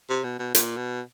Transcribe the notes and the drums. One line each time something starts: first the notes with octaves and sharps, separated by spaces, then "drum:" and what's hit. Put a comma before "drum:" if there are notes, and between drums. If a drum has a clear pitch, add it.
C3
B2
B2
A#2, drum: hi-hat
B2